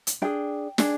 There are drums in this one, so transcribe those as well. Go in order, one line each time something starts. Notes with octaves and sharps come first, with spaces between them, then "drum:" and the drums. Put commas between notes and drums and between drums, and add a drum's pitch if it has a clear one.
drum: hi-hat
D4 G#4 G5
D4 G#4, drum: snare